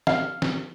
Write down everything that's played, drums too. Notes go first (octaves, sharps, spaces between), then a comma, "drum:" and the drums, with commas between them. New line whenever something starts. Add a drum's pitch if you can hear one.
F5, drum: snare
drum: snare